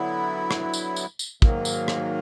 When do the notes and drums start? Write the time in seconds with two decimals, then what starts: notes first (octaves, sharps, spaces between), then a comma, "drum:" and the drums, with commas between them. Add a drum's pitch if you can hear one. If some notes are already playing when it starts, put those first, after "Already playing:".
Already playing: D3 F#3 B3 E4
0.51 drum: rim click
0.74 drum: tambourine
0.96 drum: tambourine
1.19 drum: tambourine
1.42 G#2 D#3 F#3 A#3, drum: kick
1.65 drum: tambourine
1.88 drum: rim click